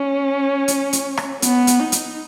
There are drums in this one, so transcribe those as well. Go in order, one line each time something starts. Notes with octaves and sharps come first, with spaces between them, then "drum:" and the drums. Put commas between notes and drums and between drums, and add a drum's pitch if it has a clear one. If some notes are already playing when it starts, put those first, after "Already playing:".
Already playing: C#4
drum: hi-hat
drum: hi-hat
drum: rim click
B3, drum: hi-hat
drum: hi-hat
D#4
drum: hi-hat